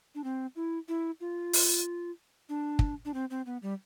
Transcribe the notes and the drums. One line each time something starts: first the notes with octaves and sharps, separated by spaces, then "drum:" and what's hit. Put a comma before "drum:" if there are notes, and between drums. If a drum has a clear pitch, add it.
D4
C4
E4
E4
F4
drum: open hi-hat
D4
drum: kick
D4
C4
C4
B3
G3